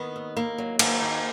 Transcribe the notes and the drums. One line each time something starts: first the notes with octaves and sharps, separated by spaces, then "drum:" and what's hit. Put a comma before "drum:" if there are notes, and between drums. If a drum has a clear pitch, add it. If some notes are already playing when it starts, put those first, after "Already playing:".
Already playing: D#3 B3
D#2
D#2 A#3
F#3
D#3 A#3, drum: cymbal
D#2